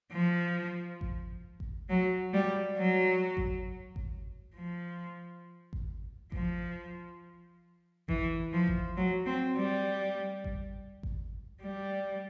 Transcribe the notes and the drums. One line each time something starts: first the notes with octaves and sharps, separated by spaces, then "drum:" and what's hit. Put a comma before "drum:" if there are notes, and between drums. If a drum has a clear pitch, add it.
F3
drum: kick G#1
drum: kick G#1
F#3
G3
F#3
drum: kick G#1
drum: kick G#1
F3
drum: kick G#1
F3, drum: kick G#1
E3, drum: kick G#1
F3
drum: kick G#1
F#3
C4
G3
drum: kick G#1
drum: kick G#1
G3